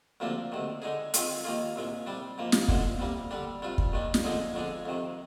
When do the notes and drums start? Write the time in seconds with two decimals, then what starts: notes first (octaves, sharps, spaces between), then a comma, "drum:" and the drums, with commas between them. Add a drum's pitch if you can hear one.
0.20 D2 C3 F3 A#3 D4
0.52 D2 C3 D#3
0.82 D3 G#3 D#4 G#4
1.14 D#3 G#3 C4 F4 G#4, drum: hi-hat
1.45 D#2 D#3 A#3 F4 G#4
1.76 C2 A#2 G#3
2.07 C3 G3 D4
2.38 G#2 F3 A#3
2.52 drum: snare
2.68 D2 D3 F3 G#3, drum: kick
3.00 C3 G3 A#3
3.31 D3 G3 D4 G4
3.62 C3 G3 D4 F4
3.78 drum: kick
3.92 D#2 D#3 G#3 D4
4.14 drum: snare
4.24 D3 F3 G#3 D#4 G#4
4.54 F2 D3 G#3 D4 G#4
4.86 F2 C3 D#3